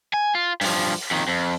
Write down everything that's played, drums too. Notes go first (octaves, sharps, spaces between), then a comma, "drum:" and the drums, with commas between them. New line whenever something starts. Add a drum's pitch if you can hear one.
G#5
F4
G2 F3, drum: open hi-hat
F2 D#3
F2